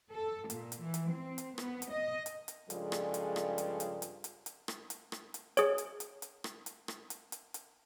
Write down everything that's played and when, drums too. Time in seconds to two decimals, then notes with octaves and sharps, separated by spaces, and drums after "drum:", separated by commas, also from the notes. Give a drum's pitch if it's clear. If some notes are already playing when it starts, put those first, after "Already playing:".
0.13 A4
0.50 A#2, drum: hi-hat
0.72 drum: hi-hat
0.82 E3
0.94 drum: hi-hat
1.12 C4
1.38 drum: hi-hat
1.58 B3, drum: rim click
1.82 drum: hi-hat
1.93 D#5
2.26 drum: hi-hat
2.48 drum: hi-hat
2.70 G2 C#3 F3 G#3 A4 D5, drum: hi-hat
2.92 drum: rim click
3.14 drum: hi-hat
3.36 drum: rim click
3.58 drum: hi-hat
3.80 drum: hi-hat
4.02 drum: hi-hat
4.24 drum: hi-hat
4.46 drum: hi-hat
4.68 drum: rim click
4.90 drum: hi-hat
5.12 drum: rim click
5.34 drum: hi-hat
5.57 G#4 C#5, drum: hi-hat
5.78 drum: hi-hat
6.00 drum: hi-hat
6.22 drum: hi-hat
6.44 drum: rim click
6.66 drum: hi-hat
6.88 drum: rim click
7.10 drum: hi-hat
7.32 drum: hi-hat
7.54 drum: hi-hat